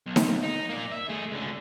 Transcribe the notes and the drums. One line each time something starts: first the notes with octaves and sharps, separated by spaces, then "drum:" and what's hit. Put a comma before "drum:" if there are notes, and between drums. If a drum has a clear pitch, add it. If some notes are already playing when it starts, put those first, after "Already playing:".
B1
drum: snare D#4
D#4
A#3 D5
E5
A3 G#4
C#2 D3